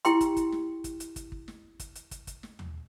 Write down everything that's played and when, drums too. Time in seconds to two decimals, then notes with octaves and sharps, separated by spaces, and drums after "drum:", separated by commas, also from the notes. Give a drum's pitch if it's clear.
0.05 E4 G4 G5 C6, drum: hi-hat
0.21 drum: kick, hi-hat
0.36 drum: kick, hi-hat
0.52 drum: snare
0.84 drum: kick, hi-hat
1.00 drum: hi-hat
1.16 drum: kick, hi-hat
1.32 drum: kick
1.48 drum: snare
1.80 drum: kick, hi-hat
1.95 drum: hi-hat
2.11 drum: kick, hi-hat
2.27 drum: kick, hi-hat
2.43 drum: snare
2.59 drum: tom D#2